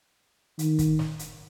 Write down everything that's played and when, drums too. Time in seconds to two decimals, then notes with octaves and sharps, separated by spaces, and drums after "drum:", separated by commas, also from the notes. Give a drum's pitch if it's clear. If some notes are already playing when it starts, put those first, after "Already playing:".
0.59 D#3, drum: hi-hat
0.79 drum: kick, hi-hat
0.99 drum: snare
1.19 drum: hi-hat